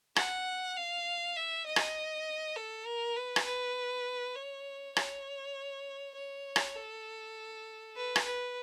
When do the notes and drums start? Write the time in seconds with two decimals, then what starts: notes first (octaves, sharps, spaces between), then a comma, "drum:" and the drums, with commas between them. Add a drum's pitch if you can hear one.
0.16 F#5, drum: rim click
0.77 F5
1.36 E5
1.67 D#5
1.76 drum: rim click
2.57 A4
2.86 A#4
3.16 B4
3.36 drum: rim click
3.45 B4
4.36 C#5
4.96 C#5, drum: rim click
6.15 C#5
6.56 drum: rim click
6.76 A4
7.96 B4
8.16 drum: rim click
8.25 B4